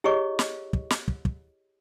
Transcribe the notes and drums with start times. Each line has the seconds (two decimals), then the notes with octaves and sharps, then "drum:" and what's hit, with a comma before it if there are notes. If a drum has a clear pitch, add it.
0.04 E4 G4 G#4 C#5 D#5 C#6
0.39 drum: snare
0.73 drum: kick
0.90 drum: snare
1.08 drum: kick
1.25 drum: kick